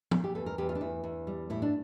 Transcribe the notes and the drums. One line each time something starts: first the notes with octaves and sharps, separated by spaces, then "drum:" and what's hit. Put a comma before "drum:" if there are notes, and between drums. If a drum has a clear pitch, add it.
A#2, drum: tom
G4
E2 A4
A#4
E2 G4
F4
D4
E2 E4
E2
G3
A2 E4
D4